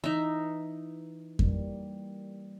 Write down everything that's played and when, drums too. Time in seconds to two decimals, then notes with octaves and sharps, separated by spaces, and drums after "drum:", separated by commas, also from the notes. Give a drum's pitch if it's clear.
0.04 E3 D#4 E5
1.39 G3 A#3, drum: kick F2